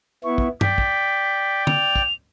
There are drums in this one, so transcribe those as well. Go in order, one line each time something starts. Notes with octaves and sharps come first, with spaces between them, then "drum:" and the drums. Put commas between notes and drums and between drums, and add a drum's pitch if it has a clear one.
B3 E4 C#6
drum: kick
D5 G5 B6, drum: tom
drum: kick
F7, drum: tom
drum: kick